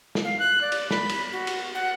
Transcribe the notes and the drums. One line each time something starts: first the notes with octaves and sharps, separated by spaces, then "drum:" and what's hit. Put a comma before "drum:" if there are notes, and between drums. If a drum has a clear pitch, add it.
drum: snare
F5
F#6
D5
drum: cymbal
B5, drum: snare
drum: cymbal
F#4
drum: cymbal
F#5